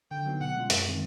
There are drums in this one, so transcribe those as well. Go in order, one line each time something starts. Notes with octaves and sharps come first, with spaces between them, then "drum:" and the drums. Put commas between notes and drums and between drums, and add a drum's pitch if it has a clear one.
D3 G5
F#3 B3 D#4
B2 F#5
G#3 C#4 F4
F#2, drum: hi-hat
D#3 G#3 C4